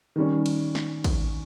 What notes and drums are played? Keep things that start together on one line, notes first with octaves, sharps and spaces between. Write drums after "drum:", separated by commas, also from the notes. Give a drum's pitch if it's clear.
D#3 G3 C#4
drum: cymbal
drum: snare
drum: kick, cymbal